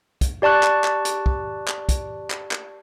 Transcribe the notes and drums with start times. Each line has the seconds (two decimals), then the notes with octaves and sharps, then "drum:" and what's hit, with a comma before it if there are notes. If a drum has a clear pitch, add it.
0.21 drum: kick, hi-hat
0.42 G4 D5 A5 C#6 F#6
0.63 drum: clap
0.84 drum: clap
1.05 drum: hi-hat
1.26 drum: kick
1.68 drum: clap
1.89 drum: kick, hi-hat
2.30 drum: clap
2.51 drum: clap